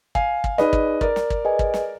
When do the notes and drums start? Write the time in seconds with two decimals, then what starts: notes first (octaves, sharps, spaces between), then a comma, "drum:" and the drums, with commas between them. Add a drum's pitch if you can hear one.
0.15 F5 G#5, drum: kick
0.44 drum: kick
0.58 D#4 G#4 B4 D5 D#5, drum: snare
0.73 drum: kick
1.01 A#4 D5, drum: kick
1.16 drum: snare
1.30 drum: kick
1.45 G#4 B4 D#5 G#5
1.59 drum: kick
1.74 drum: snare